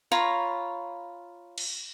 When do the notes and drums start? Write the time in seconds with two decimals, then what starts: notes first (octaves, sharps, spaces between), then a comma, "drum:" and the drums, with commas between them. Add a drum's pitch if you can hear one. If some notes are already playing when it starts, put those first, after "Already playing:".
0.12 F4 C#5 A#5 B5
1.58 drum: cymbal